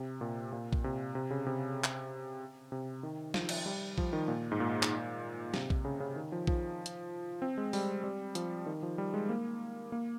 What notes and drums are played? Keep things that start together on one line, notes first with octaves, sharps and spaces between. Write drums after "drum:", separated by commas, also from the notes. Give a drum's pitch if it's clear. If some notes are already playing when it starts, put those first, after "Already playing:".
Already playing: C3
A#2
A#2
drum: kick A#1
C3
C3
C#3
C3
drum: clap
C3
D#3
F3, drum: snare
drum: cymbal
G3
F3, drum: kick A#1
D#3
A#2
G#2
A#2
drum: clap
C3, drum: snare
drum: kick A#1
C#3
C#3
D#3
F3
F3, drum: kick A#1
drum: hi-hat
C4
G#3
G3, drum: open hi-hat
G3
F3, drum: hi-hat
D#3
F3
G3
G#3
A#3
A#3